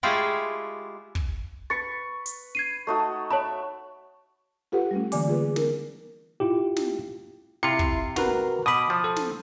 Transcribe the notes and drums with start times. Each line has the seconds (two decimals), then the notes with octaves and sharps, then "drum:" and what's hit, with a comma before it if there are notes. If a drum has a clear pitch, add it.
0.03 G#3 A3 E4 F4 G4 G#4
1.15 drum: kick
1.70 B4 C#6 A6 C#7
2.26 drum: hi-hat
2.55 G#6 C7 D#7
2.87 A3 D#4 F#4
3.31 C#5 E5 A5 B5
4.72 F4 G4 A4 B4 F#5
4.91 G3 A3 C#4
5.12 D3 E3 A#3 D5 G#5 D6, drum: open hi-hat
5.28 F4 G#4 B4
5.56 A#4, drum: snare
6.40 E4 F4 G4
6.77 drum: snare
7.63 C3 E4 F4 C6 C#7
7.79 drum: kick
8.16 F#4 A#4 B4, drum: snare
8.66 B2 B5 D6 D#6
8.90 F3
9.04 A4
9.16 drum: snare